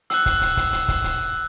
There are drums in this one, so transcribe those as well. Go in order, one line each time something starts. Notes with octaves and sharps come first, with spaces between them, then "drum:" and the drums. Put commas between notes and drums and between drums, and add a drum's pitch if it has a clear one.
E6 F#6, drum: hi-hat
drum: kick C#1, hi-hat
drum: hi-hat
drum: kick C#1, hi-hat
drum: hi-hat
drum: kick C#1, hi-hat
drum: hi-hat